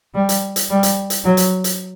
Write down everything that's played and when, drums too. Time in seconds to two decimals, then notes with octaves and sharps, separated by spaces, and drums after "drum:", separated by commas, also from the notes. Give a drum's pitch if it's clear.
0.15 G3
0.29 drum: hi-hat
0.56 drum: hi-hat
0.70 G3
0.83 drum: hi-hat
1.10 drum: hi-hat
1.24 F#3
1.37 drum: hi-hat
1.64 drum: hi-hat